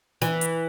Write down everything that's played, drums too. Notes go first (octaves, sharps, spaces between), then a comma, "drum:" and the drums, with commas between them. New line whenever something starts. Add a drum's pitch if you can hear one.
E3, drum: snare
drum: hi-hat